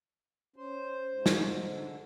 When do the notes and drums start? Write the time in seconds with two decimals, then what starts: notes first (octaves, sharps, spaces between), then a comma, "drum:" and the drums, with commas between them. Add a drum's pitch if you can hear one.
0.56 C#4 C5
1.15 G#2
1.26 drum: snare
1.61 D3